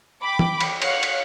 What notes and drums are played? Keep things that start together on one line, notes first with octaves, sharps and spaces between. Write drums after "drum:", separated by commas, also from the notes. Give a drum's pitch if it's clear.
G5 B5 D6
drum: tom E3
drum: cymbal
C#5 F5 F#5 F#6 C#7, drum: cymbal
drum: cymbal